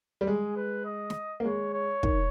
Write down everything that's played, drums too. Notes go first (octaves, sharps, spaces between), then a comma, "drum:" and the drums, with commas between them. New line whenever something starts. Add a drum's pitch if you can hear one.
G3
G#3 G#4
B4
D#5
drum: snare
A#3
G#3 C#5
C#5
D#3, drum: kick